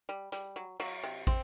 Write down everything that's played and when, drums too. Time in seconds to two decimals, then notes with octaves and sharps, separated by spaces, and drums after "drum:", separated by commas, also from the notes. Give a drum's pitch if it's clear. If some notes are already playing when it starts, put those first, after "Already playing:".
0.09 G3
0.32 G3, drum: hi-hat
0.56 F#3
0.80 F#3, drum: cymbal
1.03 C3
1.27 C4, drum: kick